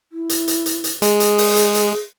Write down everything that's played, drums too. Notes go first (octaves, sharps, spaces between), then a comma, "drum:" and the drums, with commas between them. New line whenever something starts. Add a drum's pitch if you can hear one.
E4
drum: hi-hat
drum: hi-hat
drum: hi-hat
drum: hi-hat
G#3 G#4, drum: hi-hat
drum: hi-hat
drum: open hi-hat
drum: hi-hat
drum: hi-hat